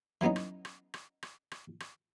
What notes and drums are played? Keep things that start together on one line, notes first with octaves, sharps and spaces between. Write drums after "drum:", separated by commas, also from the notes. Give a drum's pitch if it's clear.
E3 F#3 B3 C#4 D#4
drum: rim click
drum: rim click
drum: rim click
drum: rim click
drum: rim click
drum: rim click